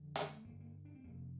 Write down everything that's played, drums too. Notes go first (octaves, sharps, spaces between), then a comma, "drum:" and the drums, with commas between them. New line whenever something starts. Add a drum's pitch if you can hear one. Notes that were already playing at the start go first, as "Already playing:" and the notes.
Already playing: F2 D3
D#3, drum: hi-hat
A3
G2 D3 A#3
A#3
D4
C4
F2 C3 A#3